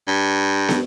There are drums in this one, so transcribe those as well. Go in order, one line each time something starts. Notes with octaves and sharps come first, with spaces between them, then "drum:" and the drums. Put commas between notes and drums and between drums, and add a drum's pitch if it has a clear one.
G2
drum: snare